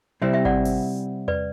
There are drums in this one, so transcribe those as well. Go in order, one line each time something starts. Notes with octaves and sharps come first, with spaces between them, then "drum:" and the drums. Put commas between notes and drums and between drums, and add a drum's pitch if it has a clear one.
C3 G3 C4 E4 C5 E5
E5 G5
D5 F#5, drum: kick G#1
drum: open hi-hat
B4 D5, drum: tom E2